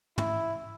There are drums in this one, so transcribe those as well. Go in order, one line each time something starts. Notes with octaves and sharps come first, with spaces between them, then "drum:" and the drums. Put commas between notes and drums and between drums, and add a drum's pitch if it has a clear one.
E4, drum: tom